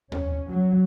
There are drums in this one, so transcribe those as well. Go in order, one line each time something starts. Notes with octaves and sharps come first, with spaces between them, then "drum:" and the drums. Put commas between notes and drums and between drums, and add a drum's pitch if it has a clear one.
C#4, drum: tom D#2
F#3